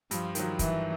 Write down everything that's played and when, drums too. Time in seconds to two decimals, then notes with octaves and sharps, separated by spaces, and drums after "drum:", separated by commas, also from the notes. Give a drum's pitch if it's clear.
0.11 G2 F3, drum: hi-hat
0.35 D#3 F#3, drum: hi-hat
0.59 G2 E3, drum: kick, hi-hat